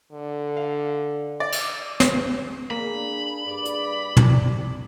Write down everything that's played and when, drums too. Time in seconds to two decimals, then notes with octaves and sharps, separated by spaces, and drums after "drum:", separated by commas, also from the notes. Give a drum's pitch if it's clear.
0.12 D3
0.57 F5
1.40 D5
1.52 drum: cymbal
2.00 drum: snare
2.71 A#3 D4 G#4 B5
3.47 G2 D5
3.65 drum: hi-hat
4.17 drum: tom